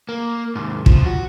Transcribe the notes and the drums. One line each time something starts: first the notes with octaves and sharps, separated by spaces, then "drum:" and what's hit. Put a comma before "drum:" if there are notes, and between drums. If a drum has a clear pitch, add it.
A#3
D#2 G#2
B1 F3, drum: kick
F#4